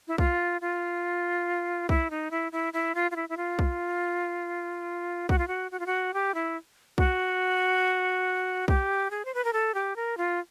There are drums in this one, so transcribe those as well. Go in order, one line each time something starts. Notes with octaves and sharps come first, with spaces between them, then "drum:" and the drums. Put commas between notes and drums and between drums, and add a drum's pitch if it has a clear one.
E4
F4, drum: kick B1
F4
E4, drum: kick B1
D#4
E4
E4
E4
F4
F4
E4
E4
F4
drum: kick B1
F#4, drum: kick B1
F4
F#4
F#4
F4
F#4
G4
E4
F#4, drum: kick B1
G4, drum: kick B1
G#4
C5
B4
A#4
A4
G4
A#4
F4